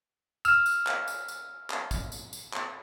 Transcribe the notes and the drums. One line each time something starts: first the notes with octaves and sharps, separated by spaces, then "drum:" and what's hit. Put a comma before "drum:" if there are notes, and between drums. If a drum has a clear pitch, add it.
E6 F6, drum: tambourine
drum: tambourine
drum: clap
drum: tambourine
drum: tambourine
drum: clap
drum: kick, tambourine
drum: tambourine
drum: tambourine
drum: clap